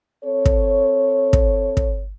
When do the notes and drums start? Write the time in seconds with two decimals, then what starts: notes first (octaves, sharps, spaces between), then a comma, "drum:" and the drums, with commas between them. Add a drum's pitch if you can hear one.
0.24 C4 A4 C#5
0.45 drum: kick
1.33 drum: kick
1.77 drum: kick